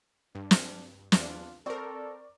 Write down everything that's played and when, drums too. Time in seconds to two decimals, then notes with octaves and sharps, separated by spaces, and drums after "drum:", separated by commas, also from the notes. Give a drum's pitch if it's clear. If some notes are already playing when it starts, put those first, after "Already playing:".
0.35 G2 D4
0.51 drum: snare
1.12 E2 D4 F4, drum: snare
1.66 C4 A4 A#4 D5 C#6